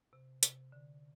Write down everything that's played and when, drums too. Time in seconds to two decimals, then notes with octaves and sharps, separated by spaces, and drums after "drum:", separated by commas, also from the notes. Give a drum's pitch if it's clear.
0.13 C3
0.43 C3, drum: hi-hat
0.72 D3